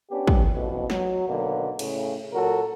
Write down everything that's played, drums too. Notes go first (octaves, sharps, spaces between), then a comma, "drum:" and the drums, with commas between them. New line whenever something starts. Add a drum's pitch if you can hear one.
B3 C#4 D4 G4
drum: kick
A1 F2 B2
F#3, drum: snare
B2 D3 D#3 F#3 A#3
A2 C#3, drum: cymbal
A#2 F#3 F#4 A4 A#4